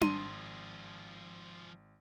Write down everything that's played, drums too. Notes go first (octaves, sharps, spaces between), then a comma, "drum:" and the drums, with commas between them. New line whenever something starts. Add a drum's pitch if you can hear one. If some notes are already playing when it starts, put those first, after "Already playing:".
G#1 F3 G#4 C6 D#7, drum: tom D4